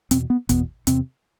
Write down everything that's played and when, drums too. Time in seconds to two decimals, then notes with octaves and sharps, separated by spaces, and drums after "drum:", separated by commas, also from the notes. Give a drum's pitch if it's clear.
0.11 E2 B2 C4, drum: hi-hat
0.30 B3
0.49 E2 B2 B3, drum: kick, hi-hat
0.87 E2 C3 C4, drum: hi-hat